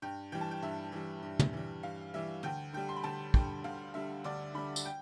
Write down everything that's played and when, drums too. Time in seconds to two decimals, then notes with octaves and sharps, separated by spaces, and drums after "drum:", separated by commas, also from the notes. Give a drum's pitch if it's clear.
0.02 G2 G5
0.32 E3 G3 G5
0.41 A5
0.51 G5
0.62 G2 E5
0.92 E3 G3
1.23 G2
1.39 drum: tom
1.53 E3 G3
1.83 G2 F5
2.14 E3 G3 E5
2.43 D2 G5
2.73 D3 G3 G5
2.89 C6
2.96 B5
3.03 D2 A5
3.34 D3 G3 G5, drum: kick
3.64 D2 F5
3.94 D3 G3 E5
4.24 D2 D5
4.54 D3 G3 B5
4.76 drum: tambourine
4.85 G5